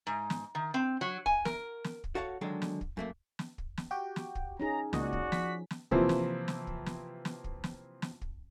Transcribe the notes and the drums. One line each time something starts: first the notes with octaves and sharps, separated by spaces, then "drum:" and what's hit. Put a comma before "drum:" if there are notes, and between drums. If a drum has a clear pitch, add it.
G#2
drum: snare
D#3
C4
F#3
G#5, drum: kick
A#4, drum: snare
drum: snare
drum: kick
F#4 A4 C#5 F5 F#5
D3 D#3 F#3 G#3 G#4 A4
drum: snare
drum: kick
F#2 A3 A#3
drum: snare
drum: kick
drum: snare
F#4 G4 G5
drum: snare
drum: kick
C#4 D#4 G#4 A#5
C#2 A#2 F#4 D5 D#5, drum: snare
drum: kick
F3 B6, drum: snare
drum: snare
C3 E3 F3 A#3 C4, drum: kick
drum: snare
drum: snare
drum: kick
drum: snare
drum: snare
drum: kick
drum: snare
drum: snare
drum: kick